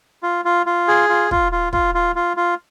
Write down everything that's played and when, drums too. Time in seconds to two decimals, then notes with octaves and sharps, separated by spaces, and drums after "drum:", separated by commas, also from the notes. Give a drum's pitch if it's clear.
0.23 F4
0.45 F4
0.66 F4
0.88 G#4
1.09 F4
1.31 F4, drum: kick
1.52 F4
1.73 F4, drum: kick
1.95 F4
2.16 F4
2.37 F4